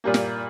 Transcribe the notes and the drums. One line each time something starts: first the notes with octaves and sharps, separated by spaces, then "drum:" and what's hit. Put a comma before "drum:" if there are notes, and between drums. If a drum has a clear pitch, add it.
A#2 G3 A#3
drum: snare